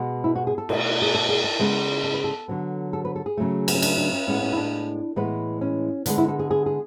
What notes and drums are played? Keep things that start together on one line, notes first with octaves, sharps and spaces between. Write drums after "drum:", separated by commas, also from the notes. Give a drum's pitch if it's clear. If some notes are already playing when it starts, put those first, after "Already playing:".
Already playing: B2 G#3 B3
E4
F#4
G#4
A4
B2 A3, drum: cymbal
G#4
A4
G#4
A4
C#3 G#3 B3
A4
B4
A4
D3 F#3 B3
A4
B4
A4
G#4
C#3 F#3 A3
B3, drum: cymbal
C#4
D4, drum: cymbal
D4
C#4
A2 G#3 B3 C#4
C#4
E4
D4
A2 E3 G#3 B3 B4
C#4
D3 G#3 B3 D4, drum: hi-hat
E4
A4
G#4
G#4
G#4